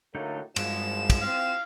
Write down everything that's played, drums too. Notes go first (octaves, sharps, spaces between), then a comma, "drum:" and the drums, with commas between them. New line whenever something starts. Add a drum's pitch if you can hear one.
A2 D3 F#3 A3 A#3 D#4
G#1 G2 F3 G#3 E7, drum: cymbal
drum: kick, cymbal
C4 F4 F5